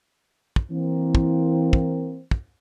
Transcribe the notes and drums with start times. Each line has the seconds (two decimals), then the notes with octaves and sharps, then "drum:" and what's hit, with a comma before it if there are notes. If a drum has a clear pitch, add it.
0.56 drum: kick
0.71 E3 A#3 C4
1.15 drum: kick
1.73 drum: kick
2.31 drum: kick